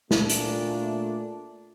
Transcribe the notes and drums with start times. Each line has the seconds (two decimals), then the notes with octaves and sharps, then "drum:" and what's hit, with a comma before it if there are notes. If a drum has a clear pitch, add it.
0.11 A#2 A3 D4, drum: snare
0.30 drum: hi-hat